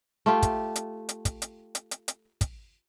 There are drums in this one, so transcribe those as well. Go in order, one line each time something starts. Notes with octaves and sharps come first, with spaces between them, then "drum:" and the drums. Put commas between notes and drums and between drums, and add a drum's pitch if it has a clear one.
A3 F4 G4
drum: kick, hi-hat
drum: hi-hat
drum: hi-hat
drum: kick, hi-hat
drum: hi-hat
drum: hi-hat
drum: hi-hat
drum: hi-hat
drum: kick, hi-hat